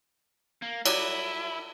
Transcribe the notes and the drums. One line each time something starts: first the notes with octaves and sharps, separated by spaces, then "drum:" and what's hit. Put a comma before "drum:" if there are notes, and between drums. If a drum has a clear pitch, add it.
A#3
F#3 G3 E4, drum: cymbal